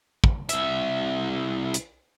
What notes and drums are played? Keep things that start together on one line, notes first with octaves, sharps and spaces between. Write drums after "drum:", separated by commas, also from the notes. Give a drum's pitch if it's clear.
drum: kick
C2 E5, drum: hi-hat
drum: hi-hat